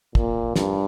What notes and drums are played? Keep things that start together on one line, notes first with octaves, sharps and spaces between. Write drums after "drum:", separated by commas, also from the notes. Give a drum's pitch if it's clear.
A#2, drum: kick
G2, drum: snare